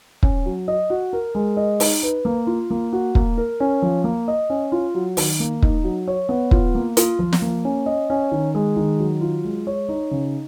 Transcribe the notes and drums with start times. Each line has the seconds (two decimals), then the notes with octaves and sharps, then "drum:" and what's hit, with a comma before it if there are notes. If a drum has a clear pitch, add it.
0.23 C#4, drum: kick
0.46 F#3
0.68 D#5
0.90 F#4
1.13 A#4
1.35 G#3
1.57 D#5
1.80 D#4, drum: open hi-hat
2.03 B4
2.25 A#3
2.47 F4
2.70 A#3
2.93 F#4
3.15 A#3, drum: kick
3.37 A#4
3.60 C#4
3.82 F3
4.04 A#3
4.28 D#5
4.50 C#4
4.72 F4
4.94 F#3
5.17 D#3, drum: open hi-hat
5.40 A#3
5.62 D#4, drum: kick
5.84 F#3
6.08 C#5
6.29 B3
6.51 F4, drum: kick
6.75 A#3
6.97 F4, drum: hi-hat
7.19 F3
7.33 drum: snare
7.42 A#3
7.65 C#4
7.86 D#5
8.10 C#4
8.31 D#3
8.55 G#3
8.77 D#3
8.99 F#3
9.21 F4
9.44 G#3
9.67 C#5
9.89 D#4
10.11 C#3